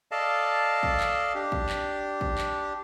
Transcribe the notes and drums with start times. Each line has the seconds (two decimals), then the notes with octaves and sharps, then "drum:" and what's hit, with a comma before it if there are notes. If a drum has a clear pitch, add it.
0.11 A4 D5 D#5 F5 A5
0.83 drum: kick
1.00 drum: clap
1.35 D4 G4
1.52 drum: kick
1.69 drum: clap
2.21 drum: kick
2.38 drum: clap